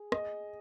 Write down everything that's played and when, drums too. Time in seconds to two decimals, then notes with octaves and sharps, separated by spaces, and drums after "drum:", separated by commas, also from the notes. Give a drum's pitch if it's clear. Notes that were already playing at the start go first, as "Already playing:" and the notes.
Already playing: G#4
0.12 D#5, drum: rim click